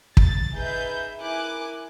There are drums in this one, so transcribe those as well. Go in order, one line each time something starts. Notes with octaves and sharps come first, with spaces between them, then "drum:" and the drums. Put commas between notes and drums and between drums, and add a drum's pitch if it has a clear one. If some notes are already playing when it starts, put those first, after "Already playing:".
A6, drum: kick
D#4 G#4 B4 E5 G6
E4 A#4 G#5 D6 F#6